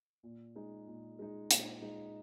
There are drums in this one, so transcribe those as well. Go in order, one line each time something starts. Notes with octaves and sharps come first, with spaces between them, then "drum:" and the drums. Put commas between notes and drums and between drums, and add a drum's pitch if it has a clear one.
A#2
G#3 D#4
A#2
G#3 D#4
A#2, drum: hi-hat
G#3 D#4